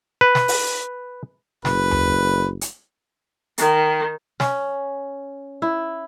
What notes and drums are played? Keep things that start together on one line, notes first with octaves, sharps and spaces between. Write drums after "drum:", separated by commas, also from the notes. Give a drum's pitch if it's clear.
B4
drum: snare
drum: open hi-hat
F#1 B4, drum: snare
drum: tom D#2
drum: hi-hat
D#3, drum: hi-hat
C#4, drum: snare
E4